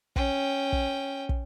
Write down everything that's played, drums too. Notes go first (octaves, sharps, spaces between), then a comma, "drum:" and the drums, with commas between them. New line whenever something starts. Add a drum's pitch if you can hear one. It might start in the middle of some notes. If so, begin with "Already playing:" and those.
C#4 G5, drum: kick
drum: kick
drum: kick